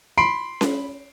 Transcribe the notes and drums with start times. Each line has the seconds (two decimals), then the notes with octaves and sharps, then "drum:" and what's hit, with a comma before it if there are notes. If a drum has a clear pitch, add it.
0.18 B5 C6 C7 D7
0.61 drum: snare C#4